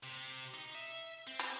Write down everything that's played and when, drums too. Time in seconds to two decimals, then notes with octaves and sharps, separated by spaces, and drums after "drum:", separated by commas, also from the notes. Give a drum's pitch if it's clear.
0.04 C3
0.54 D#4
0.75 E5
1.27 C4
1.39 drum: hi-hat